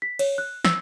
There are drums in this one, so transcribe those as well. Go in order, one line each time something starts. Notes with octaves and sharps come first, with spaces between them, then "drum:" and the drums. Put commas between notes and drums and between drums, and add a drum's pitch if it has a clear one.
B6
C#5, drum: cymbal
F#6
E6, drum: snare